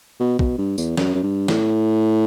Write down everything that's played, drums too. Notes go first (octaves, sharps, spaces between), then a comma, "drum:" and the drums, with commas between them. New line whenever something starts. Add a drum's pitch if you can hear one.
B2
B2, drum: kick
G2
E2, drum: tambourine
F#2, drum: snare
F#2
G2
A2, drum: snare